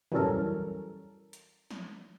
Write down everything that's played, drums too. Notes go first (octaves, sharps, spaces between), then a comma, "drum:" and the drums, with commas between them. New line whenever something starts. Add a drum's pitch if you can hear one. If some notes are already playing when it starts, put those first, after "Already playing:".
E3 F#3 G3 C#4 A4 A#4, drum: tom
drum: hi-hat
drum: snare